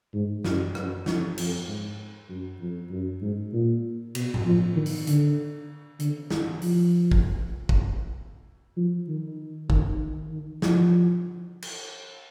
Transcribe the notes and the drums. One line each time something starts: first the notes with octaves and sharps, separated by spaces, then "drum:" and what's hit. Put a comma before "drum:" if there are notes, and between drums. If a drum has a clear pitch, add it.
G#2
F#2, drum: snare
F#2, drum: rim click
F2, drum: snare
F2, drum: cymbal
G#2
F#2
F2
F#2
G#2
A#2
B2, drum: cymbal
drum: tom A2
F3
D#3
drum: open hi-hat
D3, drum: hi-hat
D3, drum: hi-hat
D#3, drum: snare
F3, drum: open hi-hat
drum: kick
drum: kick
F3
D#3
D#3, drum: kick
D#3
F3, drum: snare
drum: cymbal